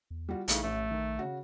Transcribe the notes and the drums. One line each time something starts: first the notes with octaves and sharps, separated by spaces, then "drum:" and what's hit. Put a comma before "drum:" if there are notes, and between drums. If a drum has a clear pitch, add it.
E2
G3 F4 F#4
A#1 C#3 E3 A3 D#4, drum: hi-hat
A1 A3
D#3
C#3 F#4